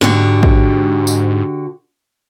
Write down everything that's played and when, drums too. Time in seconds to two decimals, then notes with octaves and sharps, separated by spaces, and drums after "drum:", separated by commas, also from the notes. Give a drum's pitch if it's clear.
0.01 G#2 D3 F#4 G4, drum: snare
0.43 drum: kick
1.07 drum: tambourine